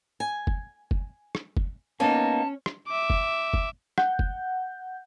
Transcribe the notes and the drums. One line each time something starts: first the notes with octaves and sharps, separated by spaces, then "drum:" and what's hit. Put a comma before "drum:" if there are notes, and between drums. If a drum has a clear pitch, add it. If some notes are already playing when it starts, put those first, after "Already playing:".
G#5
drum: kick
drum: kick
drum: rim click
drum: kick
A#3 B3 C#4 D#4 A5
drum: rim click
E5 D6
drum: kick
drum: kick
F#5 G6, drum: rim click
drum: kick